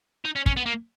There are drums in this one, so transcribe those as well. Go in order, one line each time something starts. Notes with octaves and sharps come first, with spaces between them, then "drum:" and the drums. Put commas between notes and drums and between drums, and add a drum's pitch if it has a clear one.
D#4
C#4
C#4, drum: kick
B3
A#3